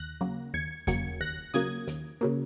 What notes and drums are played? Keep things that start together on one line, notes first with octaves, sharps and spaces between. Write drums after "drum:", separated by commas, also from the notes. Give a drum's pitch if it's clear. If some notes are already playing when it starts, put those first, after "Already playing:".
Already playing: D#2 F#6 A#6
C#3 F#3 A#3
D#2 G#6 C#7
C#3 F#3 A#3 G#6 C#7, drum: kick E2, hi-hat
D#2 F#6 A#6
C#3 F#3 A#3 D#6 G#6, drum: hi-hat
D#2, drum: hi-hat
C#3 F#3 A#3